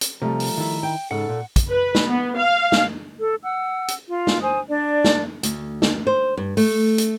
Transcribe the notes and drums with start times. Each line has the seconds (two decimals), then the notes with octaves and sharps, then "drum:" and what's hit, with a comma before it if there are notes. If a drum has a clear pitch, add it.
0.01 drum: hi-hat
0.22 C3 F3 G3 A3 A#5
0.40 drum: open hi-hat
0.58 D#3 E4
0.83 G5
1.11 G#2 C#3 A4 F#5
1.29 A#2
1.56 drum: kick, hi-hat
1.71 B4
1.95 drum: snare
2.07 B3
2.37 F5
2.72 drum: snare
3.19 A4
3.43 F#5 E6
3.88 drum: hi-hat
4.07 F4
4.27 drum: snare
4.42 C5 G#5 D#6
4.69 D4 D5
5.04 drum: snare
5.43 D2, drum: hi-hat
5.82 drum: snare
6.07 C5
6.37 G2
6.57 A3, drum: open hi-hat
6.98 drum: hi-hat